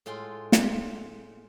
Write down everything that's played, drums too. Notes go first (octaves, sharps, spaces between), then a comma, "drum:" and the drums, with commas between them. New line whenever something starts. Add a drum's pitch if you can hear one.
A2 G#3 F4 G5 C6
drum: snare